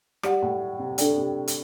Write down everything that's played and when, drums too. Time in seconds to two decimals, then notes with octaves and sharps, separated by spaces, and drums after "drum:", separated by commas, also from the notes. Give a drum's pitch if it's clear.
0.23 G3 G4 D5 F#5, drum: rim click
0.42 A2
0.79 C3
0.98 C3 D4 A4 D5 G5, drum: hi-hat
1.17 C3
1.48 drum: hi-hat